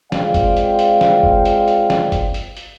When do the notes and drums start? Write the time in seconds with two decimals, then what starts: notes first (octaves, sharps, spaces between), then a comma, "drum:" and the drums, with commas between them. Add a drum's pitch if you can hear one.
0.12 G#3 C4 F4 D5 F5 G5, drum: snare
0.34 drum: kick G1, hi-hat
0.57 drum: hi-hat
0.79 drum: hi-hat
1.01 drum: snare
1.23 drum: kick G1
1.45 drum: hi-hat
1.68 drum: hi-hat
1.90 drum: snare
2.12 drum: kick G1, hi-hat
2.34 drum: hi-hat
2.57 drum: hi-hat